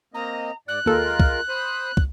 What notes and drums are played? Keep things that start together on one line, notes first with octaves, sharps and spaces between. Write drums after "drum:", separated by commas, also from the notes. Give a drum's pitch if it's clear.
A#3 C4 D#5 A#5
G#2 D5 F#6
D#2 G#3 F4 A4 A#4
drum: kick
C5 B5 D#6
drum: kick